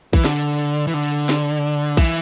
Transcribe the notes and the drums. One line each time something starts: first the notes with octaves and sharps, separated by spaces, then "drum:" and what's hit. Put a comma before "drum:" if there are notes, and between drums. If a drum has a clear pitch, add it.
E3, drum: kick A#1
D3, drum: snare
E3
D3
drum: snare
E3, drum: kick A#1